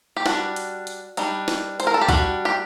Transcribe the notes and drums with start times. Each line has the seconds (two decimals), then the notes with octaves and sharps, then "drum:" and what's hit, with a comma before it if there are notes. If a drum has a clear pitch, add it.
0.17 G4
0.26 G3 D4 F#4, drum: snare
0.56 drum: hi-hat
0.87 drum: hi-hat
1.17 G3 D4 D#4, drum: hi-hat
1.48 drum: snare
1.80 C5, drum: hi-hat
1.87 A#4
1.94 A4
2.01 G4
2.09 G3 D4 F#4, drum: kick B1, hi-hat
2.45 G4